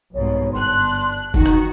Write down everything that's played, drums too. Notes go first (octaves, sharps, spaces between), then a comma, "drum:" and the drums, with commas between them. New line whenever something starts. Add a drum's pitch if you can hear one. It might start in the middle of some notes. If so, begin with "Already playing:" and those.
C2 G#2 B2 C#5
G1 D4 C6 F#6
D#3 D#4 F#4, drum: kick F1
drum: rim click